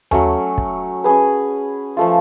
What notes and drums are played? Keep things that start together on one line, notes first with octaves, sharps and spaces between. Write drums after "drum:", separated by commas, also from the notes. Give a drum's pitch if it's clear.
F#3 A3 C#4, drum: tom D#2
drum: kick
C#4 G#4 B4
F3 A3 F4